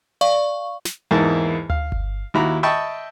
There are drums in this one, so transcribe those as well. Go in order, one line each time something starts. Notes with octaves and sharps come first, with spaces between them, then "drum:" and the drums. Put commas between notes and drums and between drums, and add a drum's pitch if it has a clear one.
D5 F5 C#6
drum: snare
E2 G#2 A#3 E4 A5
F5, drum: tom D2
drum: kick G1
D#2 E4 F#4 A#5 B5
D#5 E5 G5 A5 B5 C#6